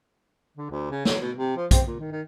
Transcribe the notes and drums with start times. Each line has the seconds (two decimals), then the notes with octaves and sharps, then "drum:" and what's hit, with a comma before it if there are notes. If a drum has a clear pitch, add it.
0.57 D3
0.71 D2
0.91 C#3
1.05 F#3, drum: snare
1.21 B2
1.37 C3
1.56 F3
1.71 C4, drum: kick, hi-hat
1.87 A#2
1.99 D#3
2.11 D#3